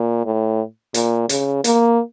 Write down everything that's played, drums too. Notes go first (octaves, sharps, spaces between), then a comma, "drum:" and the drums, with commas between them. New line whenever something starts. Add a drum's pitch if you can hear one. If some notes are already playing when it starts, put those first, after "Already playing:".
Already playing: A#2
A2
A#2, drum: hi-hat
C#3, drum: hi-hat
A#3, drum: hi-hat